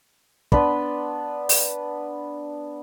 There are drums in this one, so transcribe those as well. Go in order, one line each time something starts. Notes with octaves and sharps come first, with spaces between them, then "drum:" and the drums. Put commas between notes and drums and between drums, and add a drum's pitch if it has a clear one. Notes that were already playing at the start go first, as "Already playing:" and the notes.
B3 D4 B4 C6, drum: kick
drum: open hi-hat